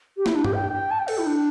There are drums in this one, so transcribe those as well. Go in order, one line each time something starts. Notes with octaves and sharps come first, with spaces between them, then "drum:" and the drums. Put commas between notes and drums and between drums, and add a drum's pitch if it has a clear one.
G4
E4, drum: snare
D4
G4, drum: tom G2
G5
G5
A5
G5
A4, drum: cymbal
E4
D4